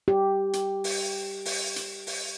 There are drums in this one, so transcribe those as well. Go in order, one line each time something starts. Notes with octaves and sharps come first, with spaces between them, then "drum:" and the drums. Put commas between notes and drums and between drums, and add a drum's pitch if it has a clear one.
G4
drum: hi-hat
drum: open hi-hat
drum: open hi-hat
drum: hi-hat
drum: open hi-hat